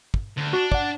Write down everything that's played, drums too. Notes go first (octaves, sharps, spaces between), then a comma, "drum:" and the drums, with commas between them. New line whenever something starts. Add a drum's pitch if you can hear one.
drum: kick
D2
D4 F#4
D5 F#5, drum: kick